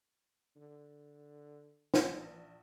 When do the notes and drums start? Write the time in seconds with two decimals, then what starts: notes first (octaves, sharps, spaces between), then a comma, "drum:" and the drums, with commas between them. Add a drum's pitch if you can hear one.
0.56 D3
1.94 drum: snare
2.03 A#1 E3